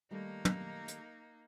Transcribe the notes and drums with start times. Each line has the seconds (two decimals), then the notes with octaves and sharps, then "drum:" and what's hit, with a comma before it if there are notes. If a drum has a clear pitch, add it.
0.11 D#3 G3 A3 A#3 D#4
0.45 drum: tom
0.88 drum: hi-hat